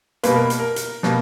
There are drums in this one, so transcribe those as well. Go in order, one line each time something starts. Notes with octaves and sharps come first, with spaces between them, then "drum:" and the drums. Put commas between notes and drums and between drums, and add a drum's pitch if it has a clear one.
B2 G3 A#3 B4, drum: hi-hat
A#4
drum: hi-hat
A#4
drum: hi-hat
B2 G3 A#3, drum: snare